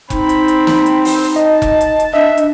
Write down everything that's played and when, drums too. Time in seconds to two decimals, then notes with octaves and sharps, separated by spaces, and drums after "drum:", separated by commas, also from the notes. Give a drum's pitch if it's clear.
0.10 C4 D#4 B5, drum: kick F1, hi-hat
0.29 drum: hi-hat
0.48 drum: hi-hat
0.67 drum: snare
0.86 drum: hi-hat
1.05 drum: open hi-hat
1.24 drum: hi-hat
1.36 D#5 A5
1.62 drum: kick F1, hi-hat
1.81 drum: hi-hat
2.00 drum: hi-hat
2.14 D4 D#5 E5
2.37 drum: hi-hat